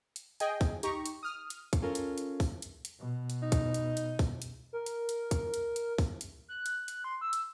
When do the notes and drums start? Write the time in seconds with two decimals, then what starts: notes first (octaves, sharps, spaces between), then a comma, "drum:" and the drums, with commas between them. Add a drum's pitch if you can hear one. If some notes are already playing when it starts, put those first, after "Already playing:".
0.16 drum: hi-hat
0.40 G#4 D#5 G5 G#5, drum: hi-hat
0.61 drum: kick, open hi-hat
0.83 D#4 G4 A#5 C#6, drum: hi-hat
1.06 drum: hi-hat
1.23 D#6 F6
1.50 drum: hi-hat
1.73 drum: kick, hi-hat
1.82 C#4 F4 A4 A#4
1.95 drum: hi-hat
2.18 drum: hi-hat
2.40 drum: kick, open hi-hat
2.62 drum: hi-hat
2.85 drum: hi-hat
2.99 B2
3.30 drum: hi-hat
3.42 D#4
3.52 drum: kick, hi-hat
3.74 drum: hi-hat
3.97 drum: hi-hat
4.19 drum: kick, open hi-hat
4.42 drum: hi-hat
4.73 A#4
4.86 drum: hi-hat
5.09 drum: hi-hat
5.31 drum: kick, hi-hat
5.54 drum: hi-hat
5.76 drum: hi-hat
5.98 drum: kick, open hi-hat
6.21 drum: hi-hat
6.49 F#6
6.66 drum: hi-hat
6.88 drum: hi-hat
7.04 C6
7.21 E6
7.33 drum: hi-hat